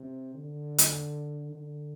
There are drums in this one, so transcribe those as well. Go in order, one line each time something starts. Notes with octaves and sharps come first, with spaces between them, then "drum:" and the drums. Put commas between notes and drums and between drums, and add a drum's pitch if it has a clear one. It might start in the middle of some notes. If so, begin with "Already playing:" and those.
Already playing: C3
D3
drum: hi-hat
D3